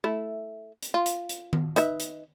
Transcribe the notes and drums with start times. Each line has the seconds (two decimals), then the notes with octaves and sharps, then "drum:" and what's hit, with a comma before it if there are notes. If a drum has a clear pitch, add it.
0.04 A3 E4
0.82 drum: hi-hat
0.94 F4
1.06 drum: hi-hat
1.29 drum: hi-hat
1.53 drum: tom D#3
1.76 D#4 B4 E5, drum: hi-hat
2.00 drum: hi-hat